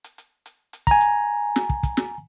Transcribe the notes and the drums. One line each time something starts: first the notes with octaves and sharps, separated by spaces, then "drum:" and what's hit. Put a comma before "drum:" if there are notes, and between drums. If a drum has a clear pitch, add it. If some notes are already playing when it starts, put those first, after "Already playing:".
drum: hi-hat
drum: hi-hat
drum: hi-hat
drum: hi-hat
G#5 A#5, drum: kick, hi-hat
drum: hi-hat
drum: snare
drum: kick
drum: kick, hi-hat
drum: snare